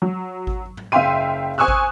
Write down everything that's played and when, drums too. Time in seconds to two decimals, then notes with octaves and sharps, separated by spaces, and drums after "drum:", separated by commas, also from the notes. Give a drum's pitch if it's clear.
0.02 F#3
0.47 drum: kick G#1
0.77 drum: tom G#2
0.92 F#1 E5 F5 G5 C6 D#7
1.58 C5 G#5 C#6 D#6 E6 F#6
1.68 drum: kick G#1